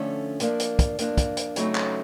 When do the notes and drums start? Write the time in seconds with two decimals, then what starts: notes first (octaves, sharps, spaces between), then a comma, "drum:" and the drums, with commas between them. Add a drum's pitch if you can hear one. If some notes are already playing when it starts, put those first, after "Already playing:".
Already playing: D3 F3 A3 C#4
0.40 F3 A#3 D4, drum: hi-hat
0.60 drum: hi-hat
0.79 drum: kick, hi-hat
0.98 F3 A#3 D4, drum: hi-hat
1.17 drum: kick, hi-hat
1.37 drum: hi-hat
1.56 C#3 F#3 A3 C4 D#4, drum: hi-hat
1.75 drum: clap